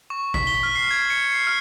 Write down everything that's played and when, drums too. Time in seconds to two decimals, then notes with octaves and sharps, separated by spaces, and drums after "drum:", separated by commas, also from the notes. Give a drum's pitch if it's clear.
0.10 C#6
0.34 B6, drum: kick G#1
0.47 G7
0.63 F6
0.76 C7
0.91 G#6
1.10 C#7
1.32 C7
1.47 F6